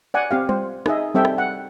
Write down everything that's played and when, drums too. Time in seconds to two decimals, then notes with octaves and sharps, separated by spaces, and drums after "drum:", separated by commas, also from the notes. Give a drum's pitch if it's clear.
0.14 D5 F#5 G#5
0.31 C4 G4 F5
0.49 C5, drum: tom G3
0.86 D#4 G#4 D#5 E5, drum: rim click
1.14 G3 C4 A4 E5 G5
1.25 drum: rim click
1.38 F#5